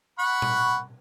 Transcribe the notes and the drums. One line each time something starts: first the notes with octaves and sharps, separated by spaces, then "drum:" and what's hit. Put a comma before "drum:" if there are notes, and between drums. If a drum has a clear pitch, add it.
F#5 B5 C#6
drum: tom A#2